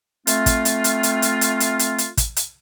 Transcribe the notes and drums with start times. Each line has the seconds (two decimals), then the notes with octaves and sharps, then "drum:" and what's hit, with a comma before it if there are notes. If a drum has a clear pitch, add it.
0.27 A3 C4 F4, drum: hi-hat
0.46 drum: kick, hi-hat
0.65 drum: hi-hat
0.84 drum: hi-hat
1.03 drum: hi-hat
1.22 drum: hi-hat
1.41 drum: hi-hat
1.60 drum: hi-hat
1.79 drum: hi-hat
1.98 drum: hi-hat
2.17 drum: kick, hi-hat
2.36 drum: hi-hat